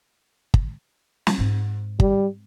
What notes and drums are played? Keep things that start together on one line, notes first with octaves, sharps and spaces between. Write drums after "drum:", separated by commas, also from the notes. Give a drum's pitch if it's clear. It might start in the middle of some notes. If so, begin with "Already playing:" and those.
drum: kick
drum: snare
G#2 C4
G3, drum: kick